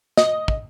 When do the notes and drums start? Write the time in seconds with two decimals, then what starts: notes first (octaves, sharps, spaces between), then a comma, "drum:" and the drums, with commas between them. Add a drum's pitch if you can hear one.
0.17 D#5, drum: snare
0.48 drum: kick